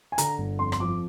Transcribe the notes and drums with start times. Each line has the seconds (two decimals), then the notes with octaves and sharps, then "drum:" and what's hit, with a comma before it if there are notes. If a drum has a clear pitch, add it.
0.12 G#5
0.18 D3 A#5, drum: hi-hat
0.38 G1
0.59 F2 C6
0.72 C6, drum: rim click
0.80 F3 D6